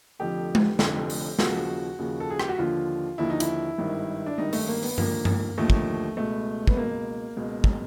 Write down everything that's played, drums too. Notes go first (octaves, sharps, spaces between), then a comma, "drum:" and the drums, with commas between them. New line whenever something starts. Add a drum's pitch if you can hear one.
F1 F2 D3 F3 G4
drum: tom G#3
F1 F2 D3 F3, drum: snare
drum: open hi-hat
D#2 C#3 F3 F#4, drum: snare
D#2 C#3 F3
A4
G#4
G4, drum: rim click
F#4
D#2 D3 F3 F4
D#2 D3 F3 E4
D#4
E4, drum: hi-hat
G#1 G2 D#3
D4
G#1 G2 D#3 D#4
A3, drum: open hi-hat
A#3
B3, drum: open hi-hat
D#2 D3 F3 A#3, drum: tom G2
drum: tom G2
D#2 D3 F3 A3
drum: kick
C#2 B2 A3
B3, drum: kick
C#2 B2 A#3
C#2 B2
drum: kick